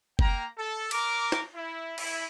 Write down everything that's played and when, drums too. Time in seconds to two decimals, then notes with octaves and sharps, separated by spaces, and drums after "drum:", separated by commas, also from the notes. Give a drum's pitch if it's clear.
0.19 A#3 G5 A#5, drum: kick F#1
0.57 A4
0.91 A#4 D6, drum: cymbal
1.32 drum: snare
1.55 E4
1.98 E4, drum: cymbal